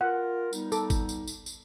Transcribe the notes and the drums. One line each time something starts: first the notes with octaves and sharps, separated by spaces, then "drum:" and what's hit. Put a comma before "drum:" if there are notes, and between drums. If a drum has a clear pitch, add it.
F4 A#4 F#5
G3 B3 D#4, drum: tambourine
A4 D6, drum: tambourine
drum: kick, tambourine
drum: tambourine
drum: tambourine
drum: tambourine